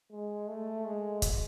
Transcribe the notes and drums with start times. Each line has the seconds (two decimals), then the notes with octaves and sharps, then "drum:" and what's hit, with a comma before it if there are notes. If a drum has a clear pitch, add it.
0.11 G#3
0.48 A3
0.85 G#3
1.22 drum: kick, hi-hat